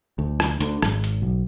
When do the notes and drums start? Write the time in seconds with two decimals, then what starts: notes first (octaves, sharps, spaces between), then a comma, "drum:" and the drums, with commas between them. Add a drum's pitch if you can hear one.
0.19 D2
0.40 drum: rim click
0.60 D2, drum: hi-hat
0.82 G#1, drum: rim click
1.04 drum: hi-hat
1.22 B1